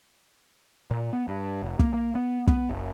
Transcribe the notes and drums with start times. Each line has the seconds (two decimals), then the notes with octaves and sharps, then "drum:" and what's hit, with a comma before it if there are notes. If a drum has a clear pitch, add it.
0.91 A#2
1.13 B3
1.28 G2
1.63 F1
1.79 A#3, drum: kick
1.94 A#3
2.15 B3
2.47 B3, drum: kick
2.69 F#1